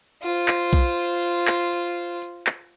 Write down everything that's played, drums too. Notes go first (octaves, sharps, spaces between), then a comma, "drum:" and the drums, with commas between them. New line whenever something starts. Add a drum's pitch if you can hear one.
F4 C5, drum: tambourine
drum: clap
drum: kick B1, tambourine
drum: tambourine
drum: clap
drum: tambourine
drum: tambourine
drum: clap